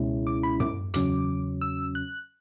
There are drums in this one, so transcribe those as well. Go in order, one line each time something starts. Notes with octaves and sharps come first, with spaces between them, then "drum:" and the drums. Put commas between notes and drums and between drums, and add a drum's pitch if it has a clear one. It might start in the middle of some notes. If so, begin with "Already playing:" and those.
Already playing: C#2 B2 G#3 C#4 E4
D6
B5
D6, drum: tom
E2 C#3 F#3 C#4 D6, drum: hi-hat
E6
F#6